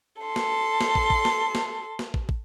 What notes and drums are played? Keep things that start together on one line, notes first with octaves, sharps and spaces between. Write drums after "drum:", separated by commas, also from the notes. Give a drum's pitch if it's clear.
A4 C6
drum: snare
drum: snare
drum: kick
drum: kick
drum: snare
drum: snare
drum: snare
drum: kick
drum: kick